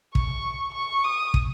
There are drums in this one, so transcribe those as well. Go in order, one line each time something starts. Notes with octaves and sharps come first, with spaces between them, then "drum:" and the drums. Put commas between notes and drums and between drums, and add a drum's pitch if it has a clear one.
C#6, drum: kick
C#6
D#6
drum: kick